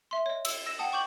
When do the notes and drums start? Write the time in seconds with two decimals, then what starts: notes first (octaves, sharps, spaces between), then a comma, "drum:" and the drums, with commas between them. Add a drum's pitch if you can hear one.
0.11 E5 C6
0.26 C#5 D#5
0.45 E6, drum: cymbal
0.66 E6 A#6 E7
0.79 F#5 G5 A5 D#6
0.92 G5 C#6 D6 G6 F#7